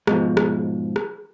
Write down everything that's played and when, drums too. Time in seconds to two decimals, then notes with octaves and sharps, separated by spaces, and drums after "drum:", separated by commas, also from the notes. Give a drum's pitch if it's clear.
0.07 G#2 B2 F3, drum: rim click
0.37 drum: rim click
0.96 drum: rim click